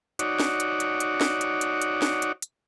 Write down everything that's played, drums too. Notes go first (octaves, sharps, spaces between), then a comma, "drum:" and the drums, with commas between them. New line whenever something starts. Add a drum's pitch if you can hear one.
D#4 F#4 C#5 D5, drum: hi-hat
drum: snare
drum: hi-hat
drum: hi-hat
drum: hi-hat
drum: snare
drum: hi-hat
drum: hi-hat
drum: hi-hat
drum: snare
drum: hi-hat
drum: hi-hat